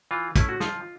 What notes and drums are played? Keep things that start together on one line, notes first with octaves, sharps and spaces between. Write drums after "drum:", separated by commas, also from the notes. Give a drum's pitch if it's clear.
E3 F4
A3 C#4 E4, drum: kick, hi-hat
F#4
F3 F4, drum: snare